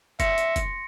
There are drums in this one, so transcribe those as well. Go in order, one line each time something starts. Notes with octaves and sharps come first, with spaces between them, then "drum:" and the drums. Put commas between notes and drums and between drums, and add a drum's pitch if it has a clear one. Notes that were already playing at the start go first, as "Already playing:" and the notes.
E5 C6 A#6 C#7, drum: kick, hi-hat
drum: hi-hat
drum: kick, hi-hat